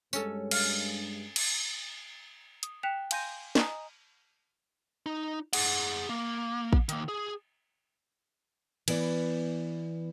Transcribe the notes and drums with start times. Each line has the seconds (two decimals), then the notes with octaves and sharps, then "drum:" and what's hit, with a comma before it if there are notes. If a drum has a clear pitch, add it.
0.13 G2 G#3 C#4 A4, drum: tambourine
0.51 F5, drum: cymbal
1.36 drum: cymbal
2.63 D#6, drum: hi-hat
2.83 G5 F#6 B6 C#7 E7 F7
3.11 F5 G#5 C6 G6 A#6 D#7, drum: cymbal
3.55 D#5 G#5 A#5 D#6, drum: snare
5.06 D#4
5.53 G#4 F#5, drum: cymbal
6.09 A#3
6.73 drum: kick A1
6.89 D#3 A#3, drum: hi-hat
7.08 G#4
8.88 E3 B3 B4 D5, drum: cymbal